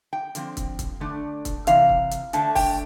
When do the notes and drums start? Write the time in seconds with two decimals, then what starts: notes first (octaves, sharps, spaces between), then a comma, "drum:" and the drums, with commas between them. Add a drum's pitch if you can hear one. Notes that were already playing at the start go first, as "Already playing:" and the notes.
0.13 G5
0.35 D3 F3 C4, drum: hi-hat
0.57 drum: kick, hi-hat
0.79 drum: kick, hi-hat
1.00 D3 A3 D4
1.45 drum: kick, hi-hat
1.67 C3 E3 F5, drum: hi-hat
1.89 drum: kick
2.11 drum: hi-hat
2.33 D3 A3 D4 A5, drum: hi-hat
2.55 G5, drum: kick, open hi-hat